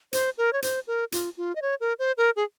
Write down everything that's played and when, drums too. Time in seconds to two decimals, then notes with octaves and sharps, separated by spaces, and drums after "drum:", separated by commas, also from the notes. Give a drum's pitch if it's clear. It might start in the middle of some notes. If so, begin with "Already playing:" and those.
0.13 C5, drum: hi-hat
0.38 A#4
0.53 C#5
0.62 C5, drum: hi-hat
0.87 A#4
1.12 F4, drum: hi-hat
1.37 F4
1.56 D#5
1.62 C#5
1.80 A#4
1.99 C5
2.18 A#4
2.36 G#4